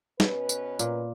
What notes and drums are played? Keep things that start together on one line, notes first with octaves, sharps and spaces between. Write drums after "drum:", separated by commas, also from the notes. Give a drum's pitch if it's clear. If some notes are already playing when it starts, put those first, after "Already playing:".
B2 C#4 B4, drum: snare
drum: tambourine
A#2, drum: tambourine